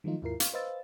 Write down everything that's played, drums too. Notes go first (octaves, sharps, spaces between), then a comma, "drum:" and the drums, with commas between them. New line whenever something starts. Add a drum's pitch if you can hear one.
D#3 F3 F#3 A3 D#4 F4
D#2 G#2 E4 F4 A#4 C7
F5, drum: hi-hat
B4 C5 D#5 F5 E6 A6